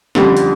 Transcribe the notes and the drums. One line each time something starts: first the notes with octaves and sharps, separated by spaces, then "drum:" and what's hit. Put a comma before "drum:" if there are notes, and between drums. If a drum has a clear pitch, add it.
F2 D3 G3, drum: snare
drum: hi-hat